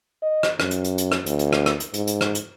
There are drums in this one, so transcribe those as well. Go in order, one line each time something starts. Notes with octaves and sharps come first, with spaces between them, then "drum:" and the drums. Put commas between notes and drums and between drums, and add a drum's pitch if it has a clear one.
D#5
drum: rim click
F#2, drum: rim click
drum: hi-hat
drum: hi-hat
drum: hi-hat
drum: rim click
D2, drum: hi-hat
drum: hi-hat
drum: rim click
drum: rim click
drum: hi-hat
G#2, drum: hi-hat
drum: hi-hat
drum: rim click
drum: hi-hat